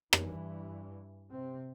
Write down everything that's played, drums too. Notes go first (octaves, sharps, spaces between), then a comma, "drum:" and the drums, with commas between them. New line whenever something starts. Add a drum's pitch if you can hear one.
G2 E3, drum: rim click
C3 C4